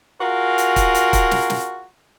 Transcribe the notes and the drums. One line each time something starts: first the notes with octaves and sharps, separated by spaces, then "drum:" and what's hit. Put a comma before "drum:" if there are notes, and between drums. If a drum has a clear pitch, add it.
F4 F#4 G#4 A#4
drum: hi-hat
drum: kick, hi-hat
drum: hi-hat
drum: kick, hi-hat
drum: snare
drum: snare